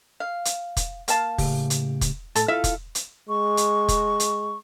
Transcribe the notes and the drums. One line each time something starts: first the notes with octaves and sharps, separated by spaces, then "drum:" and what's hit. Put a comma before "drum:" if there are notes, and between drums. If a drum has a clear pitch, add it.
F5
drum: hi-hat
drum: kick, hi-hat
A#3 F5 A5, drum: hi-hat
A2 C#3 G4, drum: kick, open hi-hat
drum: hi-hat
drum: kick, hi-hat
A2 A4, drum: hi-hat
E4 F4 A4 E5 F5
drum: kick, hi-hat
drum: hi-hat
G#3 C#6
drum: hi-hat
drum: kick, hi-hat
drum: hi-hat